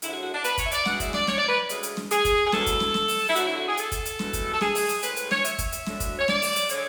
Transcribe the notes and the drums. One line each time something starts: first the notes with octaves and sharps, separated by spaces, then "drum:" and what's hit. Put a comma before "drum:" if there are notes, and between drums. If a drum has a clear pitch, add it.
F#2 D3 G#3 E4, drum: hi-hat
F#4
F#4
D4
B4, drum: hi-hat
C#5, drum: kick, hi-hat
E5
D5, drum: hi-hat
E2 B2 G#3 F#5, drum: snare
E5, drum: kick, hi-hat
D5, drum: snare
C#5, drum: snare
D5
B4
D2 C#3 G#3, drum: hi-hat
drum: hi-hat
drum: snare
G#4, drum: hi-hat
drum: kick, hi-hat
G#4
E2 B2 F#3 A3 A4, drum: snare
drum: kick, hi-hat
drum: snare
drum: snare
drum: open hi-hat
E4
D2 D3 F#3 A3 F#4, drum: hi-hat
E4
F#4
G#4
A4, drum: hi-hat
drum: kick, hi-hat
drum: hi-hat
E2 B2 A3, drum: snare
drum: kick, hi-hat
A4
G#4, drum: snare
drum: open hi-hat
drum: hi-hat
A2 G#3 B4, drum: hi-hat
B4, drum: hi-hat
C#5, drum: snare
E5, drum: hi-hat
drum: kick, hi-hat
drum: hi-hat
D2 D3 F#3, drum: snare
drum: kick, hi-hat
C#5
D5, drum: snare
drum: open hi-hat
drum: hi-hat
D3 G#3 C#5, drum: hi-hat